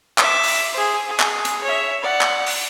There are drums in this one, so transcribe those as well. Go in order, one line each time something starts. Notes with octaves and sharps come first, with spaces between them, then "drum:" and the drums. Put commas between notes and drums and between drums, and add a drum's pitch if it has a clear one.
E5 D6, drum: clap
drum: open hi-hat
G#4 C5
G#4
drum: clap
drum: hi-hat
C#5 E5
D5 F#5
drum: clap
drum: open hi-hat